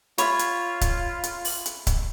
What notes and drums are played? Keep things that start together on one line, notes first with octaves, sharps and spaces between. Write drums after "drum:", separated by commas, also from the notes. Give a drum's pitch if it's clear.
F4 C#5 E5 B5, drum: hi-hat
drum: hi-hat
drum: kick C#1, hi-hat
drum: hi-hat
drum: open hi-hat
drum: hi-hat
drum: kick C#1, hi-hat